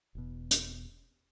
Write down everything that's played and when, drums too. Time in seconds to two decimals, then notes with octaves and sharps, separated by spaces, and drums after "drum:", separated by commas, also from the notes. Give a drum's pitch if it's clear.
0.15 E1 B2
0.51 drum: hi-hat